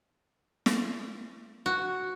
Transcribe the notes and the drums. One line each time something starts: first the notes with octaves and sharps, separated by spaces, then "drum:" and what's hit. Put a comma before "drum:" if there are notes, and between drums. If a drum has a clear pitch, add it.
drum: snare
F#4